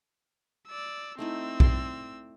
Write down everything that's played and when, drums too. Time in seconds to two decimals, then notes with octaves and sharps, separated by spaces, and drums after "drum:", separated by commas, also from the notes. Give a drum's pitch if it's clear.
0.68 D5 E6
1.18 A3 C4 D#4 E4 E6
1.60 D5 C6, drum: kick B1